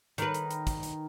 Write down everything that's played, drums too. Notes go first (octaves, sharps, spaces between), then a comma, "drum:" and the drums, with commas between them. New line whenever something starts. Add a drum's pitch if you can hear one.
D#3 B4, drum: hi-hat
drum: hi-hat
drum: hi-hat
drum: kick, hi-hat
drum: hi-hat